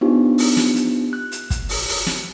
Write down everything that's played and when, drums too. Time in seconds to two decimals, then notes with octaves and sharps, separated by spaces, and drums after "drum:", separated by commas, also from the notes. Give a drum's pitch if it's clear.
0.01 B3 D4 D#4 F4 G4 C5
0.38 drum: open hi-hat
0.57 drum: snare
0.75 drum: hi-hat
1.13 F#6
1.32 drum: hi-hat
1.50 drum: kick, hi-hat
1.69 drum: open hi-hat
1.88 drum: open hi-hat
2.07 drum: snare